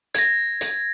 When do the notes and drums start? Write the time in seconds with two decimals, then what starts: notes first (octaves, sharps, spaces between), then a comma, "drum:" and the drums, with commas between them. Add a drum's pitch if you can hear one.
0.15 G#6 A#6, drum: hi-hat
0.61 drum: hi-hat